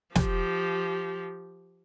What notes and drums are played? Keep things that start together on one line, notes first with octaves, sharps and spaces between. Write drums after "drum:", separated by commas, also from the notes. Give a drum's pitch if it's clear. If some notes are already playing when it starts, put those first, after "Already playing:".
F3 G4, drum: snare